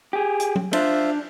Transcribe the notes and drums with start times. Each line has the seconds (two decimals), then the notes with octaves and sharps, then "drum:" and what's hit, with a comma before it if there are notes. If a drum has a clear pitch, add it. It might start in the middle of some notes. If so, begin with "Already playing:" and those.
0.13 G4 G#4
0.40 drum: hi-hat
0.55 drum: tom F#3
0.73 D4 F4 C5 E5, drum: cymbal